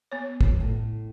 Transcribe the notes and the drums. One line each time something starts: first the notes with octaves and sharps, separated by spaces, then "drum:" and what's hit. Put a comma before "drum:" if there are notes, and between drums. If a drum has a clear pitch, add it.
B3 C#5
drum: kick
A2